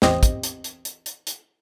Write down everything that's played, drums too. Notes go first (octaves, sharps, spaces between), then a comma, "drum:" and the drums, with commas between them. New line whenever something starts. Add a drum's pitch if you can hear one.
A1 E2 C4 G4 D#5, drum: snare
drum: kick, hi-hat
drum: hi-hat
drum: hi-hat
drum: hi-hat
drum: hi-hat
drum: hi-hat